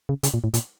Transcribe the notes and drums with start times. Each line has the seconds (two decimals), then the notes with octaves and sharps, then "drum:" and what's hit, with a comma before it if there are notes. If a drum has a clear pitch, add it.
0.09 C#3
0.23 C#3, drum: hi-hat
0.34 A#2
0.44 A2
0.54 A#2, drum: hi-hat